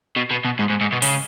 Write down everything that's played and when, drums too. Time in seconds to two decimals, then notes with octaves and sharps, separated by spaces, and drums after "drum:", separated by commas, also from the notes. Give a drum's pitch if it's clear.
0.17 B2
0.31 B2
0.45 B2
0.59 G#2
0.70 G#2
0.81 G#2
0.92 B2
1.02 C#3, drum: open hi-hat